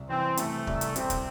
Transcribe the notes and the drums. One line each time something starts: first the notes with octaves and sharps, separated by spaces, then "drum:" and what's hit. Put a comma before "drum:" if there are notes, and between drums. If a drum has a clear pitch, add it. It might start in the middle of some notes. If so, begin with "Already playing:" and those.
Already playing: C2
E3 C4
C3 A3, drum: hi-hat
C2, drum: kick
drum: hi-hat
C3 C4, drum: hi-hat
drum: kick, hi-hat